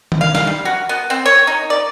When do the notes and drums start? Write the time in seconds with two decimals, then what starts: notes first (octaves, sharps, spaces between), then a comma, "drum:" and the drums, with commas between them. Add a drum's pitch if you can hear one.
0.12 drum: tom D#3
0.21 F5
0.35 F5, drum: snare G3
0.47 G3
0.65 F#4
0.89 B3
1.10 C4
1.26 C#5
1.47 D#4
1.70 D5